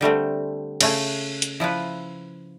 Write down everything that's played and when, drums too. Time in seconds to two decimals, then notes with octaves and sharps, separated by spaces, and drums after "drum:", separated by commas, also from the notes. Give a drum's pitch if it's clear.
0.01 D3 G3 A3 C4
0.81 C#3 A3 G#5, drum: cymbal
1.42 drum: hi-hat
1.60 F3 E4 F4 B4